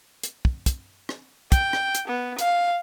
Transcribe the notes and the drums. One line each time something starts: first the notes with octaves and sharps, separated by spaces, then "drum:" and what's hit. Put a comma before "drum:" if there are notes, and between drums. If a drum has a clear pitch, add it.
drum: hi-hat
drum: kick
drum: kick, hi-hat
drum: rim click
G5, drum: kick, hi-hat
drum: rim click
drum: hi-hat
B3
F5, drum: hi-hat